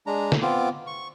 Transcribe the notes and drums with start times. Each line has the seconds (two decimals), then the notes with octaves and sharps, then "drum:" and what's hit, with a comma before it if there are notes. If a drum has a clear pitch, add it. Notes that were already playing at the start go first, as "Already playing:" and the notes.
0.07 G#3 D4 A#5
0.32 drum: snare
0.42 B3 C4 F4 D6
0.87 C#6